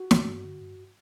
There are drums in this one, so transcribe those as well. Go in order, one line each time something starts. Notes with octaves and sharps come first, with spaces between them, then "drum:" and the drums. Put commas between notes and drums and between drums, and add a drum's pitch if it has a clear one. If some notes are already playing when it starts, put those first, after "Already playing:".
Already playing: F#4
G2, drum: snare
G2
D3
G2